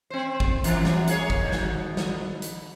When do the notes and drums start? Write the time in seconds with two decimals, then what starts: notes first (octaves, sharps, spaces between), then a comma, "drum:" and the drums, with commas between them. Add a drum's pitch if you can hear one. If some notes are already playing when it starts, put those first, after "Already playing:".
0.10 C4 C5
0.40 drum: kick G#1
0.64 F#2 E3, drum: hi-hat
0.85 drum: snare
1.07 A#3 G#4 C#5, drum: hi-hat
1.30 drum: kick G#1
1.41 B2 D#3
1.52 drum: snare
1.97 drum: snare
2.42 drum: hi-hat